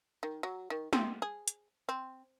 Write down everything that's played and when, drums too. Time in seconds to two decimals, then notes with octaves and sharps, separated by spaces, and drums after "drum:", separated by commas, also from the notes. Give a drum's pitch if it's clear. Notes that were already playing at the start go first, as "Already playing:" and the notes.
0.23 D#3
0.43 F#3
0.70 D#3
0.93 C4, drum: snare
1.22 G#4
1.48 drum: hi-hat
1.89 C4